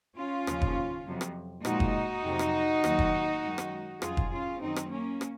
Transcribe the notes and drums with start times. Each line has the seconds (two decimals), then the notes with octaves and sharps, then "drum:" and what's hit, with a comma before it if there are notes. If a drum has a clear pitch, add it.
0.16 C#4 F4
0.47 D#2 C#3 F3, drum: rim click
0.61 drum: kick
1.06 F2 C3 F#3
1.21 drum: rim click
1.65 A#2 F3 G#3 D#4 F#4, drum: rim click
1.80 drum: kick
2.25 F2 C3 F#3
2.39 drum: rim click
2.84 D#2 D#3 F#3, drum: rim click
2.99 drum: kick
3.43 F#2 D#3 G#3
3.58 drum: rim click
4.02 F2 C#3 F#3 F4 G#4, drum: rim click
4.17 drum: kick
4.32 C#4 F4
4.61 F#2 D#3 F#3 C4 D#4
4.76 drum: rim click
4.91 A#3 C#4
5.21 drum: rim click